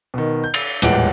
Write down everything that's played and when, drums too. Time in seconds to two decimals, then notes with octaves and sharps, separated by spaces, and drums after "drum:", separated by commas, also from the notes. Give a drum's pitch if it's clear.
0.14 B2 D#3
0.44 G6
0.54 drum: cymbal
0.82 D#1 A1 E2 G#3 F#5 D7, drum: hi-hat